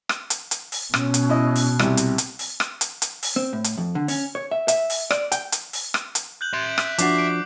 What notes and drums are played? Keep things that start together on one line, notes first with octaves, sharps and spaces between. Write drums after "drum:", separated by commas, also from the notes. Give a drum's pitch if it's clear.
drum: rim click
drum: hi-hat
drum: hi-hat
drum: open hi-hat
B2 C#4, drum: rim click
drum: hi-hat
E4 D#5 D#6
drum: open hi-hat
C2 C3, drum: rim click
drum: hi-hat
drum: hi-hat
drum: open hi-hat
drum: rim click
drum: hi-hat
drum: hi-hat
drum: open hi-hat
C4
A2
drum: hi-hat
F2
D3
C#4, drum: open hi-hat
C#5
E5
E5, drum: hi-hat
drum: open hi-hat
D5, drum: rim click
G5, drum: hi-hat
drum: hi-hat
drum: open hi-hat
drum: rim click
drum: hi-hat
F#6 G6 F#7
E5 C6
drum: rim click
F3 D4 F#4 D6 C7, drum: hi-hat
C7 D7